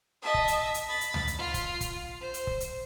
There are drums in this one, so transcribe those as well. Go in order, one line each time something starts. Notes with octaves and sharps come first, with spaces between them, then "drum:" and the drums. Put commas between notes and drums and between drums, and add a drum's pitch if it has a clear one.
D#5 E5 A5
drum: kick
drum: hi-hat
drum: hi-hat
B5 A6
drum: hi-hat
drum: tom C#2
drum: hi-hat
F4
drum: kick, hi-hat
drum: kick, hi-hat
C5
drum: hi-hat
drum: kick
drum: hi-hat